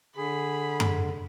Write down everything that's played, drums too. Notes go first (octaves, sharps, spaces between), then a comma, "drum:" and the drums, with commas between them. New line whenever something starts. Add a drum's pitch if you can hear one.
D3 G#4 B5
drum: tom F#2